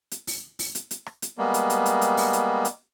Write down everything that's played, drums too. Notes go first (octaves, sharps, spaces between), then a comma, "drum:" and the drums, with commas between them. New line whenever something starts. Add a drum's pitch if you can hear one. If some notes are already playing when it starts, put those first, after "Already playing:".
drum: hi-hat
drum: open hi-hat
drum: open hi-hat
drum: hi-hat
drum: hi-hat
drum: rim click
drum: hi-hat
G3 G#3 A#3 B3
drum: hi-hat
drum: hi-hat
drum: hi-hat
drum: hi-hat
drum: open hi-hat
drum: hi-hat
drum: hi-hat